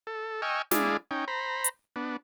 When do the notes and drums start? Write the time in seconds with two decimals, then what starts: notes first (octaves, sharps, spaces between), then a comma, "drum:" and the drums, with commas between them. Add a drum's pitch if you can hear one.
0.07 A4
0.42 D#5 G5 G#5 C#6 E6 F6
0.71 G#3 D4 E4 G#4 D5 F5, drum: snare
1.11 C#4 D#4 G5
1.28 C5 A#5 B5
1.64 drum: hi-hat
1.96 B3 D4